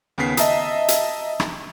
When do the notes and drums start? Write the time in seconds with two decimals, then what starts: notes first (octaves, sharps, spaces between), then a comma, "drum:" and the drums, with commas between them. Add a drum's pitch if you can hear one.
0.18 D#2 C#3 B3 B6 C7
0.37 D#5 E5 A5 A#5 D#6, drum: hi-hat
0.88 drum: hi-hat
1.40 drum: rim click